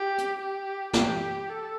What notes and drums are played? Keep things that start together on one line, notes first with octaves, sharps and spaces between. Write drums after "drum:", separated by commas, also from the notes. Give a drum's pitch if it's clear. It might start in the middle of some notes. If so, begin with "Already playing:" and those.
Already playing: G4
drum: hi-hat
G4
G4, drum: snare
A4